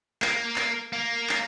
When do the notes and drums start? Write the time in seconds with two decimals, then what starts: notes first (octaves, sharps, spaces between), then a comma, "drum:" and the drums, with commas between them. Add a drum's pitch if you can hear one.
0.22 A#3, drum: clap
0.56 drum: clap
0.93 A#3
1.29 drum: clap